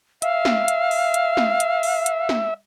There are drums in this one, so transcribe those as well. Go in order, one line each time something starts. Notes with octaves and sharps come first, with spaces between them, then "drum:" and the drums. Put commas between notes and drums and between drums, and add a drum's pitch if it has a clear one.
E5 F5, drum: hi-hat
drum: snare
drum: hi-hat
drum: open hi-hat
drum: hi-hat
drum: snare
drum: hi-hat
drum: open hi-hat
drum: hi-hat
drum: snare